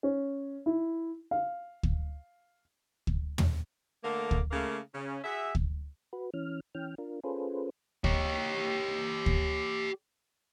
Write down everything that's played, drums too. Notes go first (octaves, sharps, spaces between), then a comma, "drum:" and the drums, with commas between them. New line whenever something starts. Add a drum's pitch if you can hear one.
C#4
E4
F5
drum: kick
drum: kick
drum: tom
D3 A3 A#3
drum: kick
C#3 A3 A#3
C#3 C#4
F#4 G#4 E5
drum: kick
F#4 B4
E3 C#4 F6
E3 C#4 G5 F6
D4 F4 A#4
C#4 F4 G#4 A4 B4 C5
G4 C#5, drum: kick
drum: kick